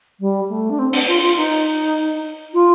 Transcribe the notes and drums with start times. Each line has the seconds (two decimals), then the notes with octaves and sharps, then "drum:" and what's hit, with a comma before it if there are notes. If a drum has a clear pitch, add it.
0.20 G3
0.49 A3
0.70 D4
0.79 C4
0.93 D4, drum: open hi-hat
1.08 F4
1.22 F4
1.37 D#4
2.54 F4